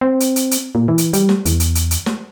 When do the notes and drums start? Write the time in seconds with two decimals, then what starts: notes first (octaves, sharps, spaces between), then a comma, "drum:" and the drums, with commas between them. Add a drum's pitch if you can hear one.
0.01 C4
0.20 drum: hi-hat
0.36 drum: hi-hat
0.51 drum: hi-hat
0.75 A#2
0.88 E3
0.98 drum: hi-hat
1.13 G3, drum: hi-hat
1.29 drum: snare
1.45 E2, drum: hi-hat
1.60 drum: hi-hat
1.75 drum: hi-hat
1.91 drum: hi-hat
2.06 drum: snare